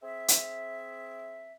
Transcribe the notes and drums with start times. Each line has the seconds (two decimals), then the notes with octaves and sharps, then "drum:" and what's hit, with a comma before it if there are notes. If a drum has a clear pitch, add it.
0.02 C4 G#4 E5
0.28 drum: hi-hat